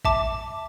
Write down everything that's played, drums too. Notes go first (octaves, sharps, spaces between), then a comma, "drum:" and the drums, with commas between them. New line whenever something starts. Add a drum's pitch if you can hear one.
E5 A5 D6, drum: kick